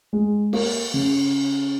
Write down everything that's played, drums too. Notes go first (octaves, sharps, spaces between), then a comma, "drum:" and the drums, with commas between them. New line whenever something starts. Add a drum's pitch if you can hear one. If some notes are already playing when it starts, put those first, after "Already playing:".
G#3
A#3, drum: cymbal
C#3